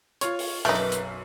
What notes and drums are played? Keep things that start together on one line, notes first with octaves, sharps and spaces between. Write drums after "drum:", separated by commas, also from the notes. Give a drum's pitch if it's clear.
F4 C#5, drum: hi-hat
drum: open hi-hat
B1 F#2 A3 D#4 A#4 B4 D6
drum: rim click
drum: hi-hat